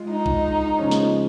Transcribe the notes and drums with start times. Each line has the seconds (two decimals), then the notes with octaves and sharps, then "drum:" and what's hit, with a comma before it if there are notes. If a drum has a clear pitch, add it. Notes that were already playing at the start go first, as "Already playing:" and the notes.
Already playing: G#3 F4
0.10 D#4
0.26 drum: kick A#1
0.78 C#3 F3 G#3 C#4
0.91 drum: snare